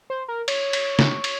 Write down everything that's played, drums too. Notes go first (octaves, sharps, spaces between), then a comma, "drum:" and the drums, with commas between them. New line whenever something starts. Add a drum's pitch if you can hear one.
C5
A#4
C#5, drum: cymbal
drum: cymbal
drum: snare
drum: cymbal